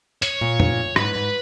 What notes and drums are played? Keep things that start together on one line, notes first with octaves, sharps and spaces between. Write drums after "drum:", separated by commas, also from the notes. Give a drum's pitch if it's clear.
C#5, drum: hi-hat
A#2
drum: tom
G#2 B4, drum: rim click
G#2